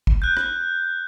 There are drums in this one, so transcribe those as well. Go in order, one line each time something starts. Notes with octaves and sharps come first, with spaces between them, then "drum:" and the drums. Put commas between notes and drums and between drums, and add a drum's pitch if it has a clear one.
drum: kick
F#6 G6
drum: rim click